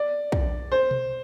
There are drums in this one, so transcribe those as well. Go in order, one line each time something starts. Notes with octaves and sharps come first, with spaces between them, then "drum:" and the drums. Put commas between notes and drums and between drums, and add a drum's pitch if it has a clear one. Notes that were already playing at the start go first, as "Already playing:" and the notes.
Already playing: D5
drum: kick
C5
drum: tom B2